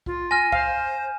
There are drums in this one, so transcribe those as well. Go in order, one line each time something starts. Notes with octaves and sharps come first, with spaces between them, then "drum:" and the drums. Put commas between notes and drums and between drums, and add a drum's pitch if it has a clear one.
F4, drum: kick
G#5 F6 A#6
C5 F5, drum: kick